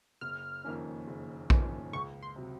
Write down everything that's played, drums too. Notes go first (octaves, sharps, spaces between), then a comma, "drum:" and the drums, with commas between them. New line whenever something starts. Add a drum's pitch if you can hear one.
F#1 F6
F2 D#3 A#3 C#4
F#1
F2 D#3 A#3 C#4, drum: kick
C#2 C#6
C6
C3 F#3